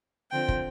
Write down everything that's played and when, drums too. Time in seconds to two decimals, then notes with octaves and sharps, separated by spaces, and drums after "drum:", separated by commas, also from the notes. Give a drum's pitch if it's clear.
0.31 D3 F3 C4 G5
0.48 drum: kick